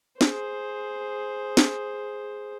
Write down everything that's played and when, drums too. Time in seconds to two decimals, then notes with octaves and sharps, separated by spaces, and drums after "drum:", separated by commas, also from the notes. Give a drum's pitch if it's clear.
0.21 G#4 C5, drum: snare
1.57 drum: snare